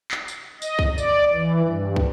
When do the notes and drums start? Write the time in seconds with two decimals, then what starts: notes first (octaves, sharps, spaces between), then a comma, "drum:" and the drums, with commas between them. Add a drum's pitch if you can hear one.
0.11 drum: clap
0.28 drum: tambourine
0.62 D#5, drum: tambourine
0.79 drum: kick
0.98 D5, drum: tambourine
1.33 E3
1.67 G2
1.96 drum: kick